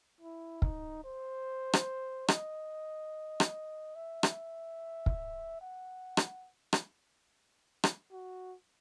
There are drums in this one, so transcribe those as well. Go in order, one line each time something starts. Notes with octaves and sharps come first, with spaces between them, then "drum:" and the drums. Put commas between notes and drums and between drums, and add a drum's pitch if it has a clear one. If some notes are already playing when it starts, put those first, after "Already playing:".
E4
D#4, drum: kick
C5
drum: rim click
D#5, drum: rim click
drum: rim click
E5
drum: rim click
drum: kick
F#5
drum: rim click
drum: rim click
drum: rim click
F#4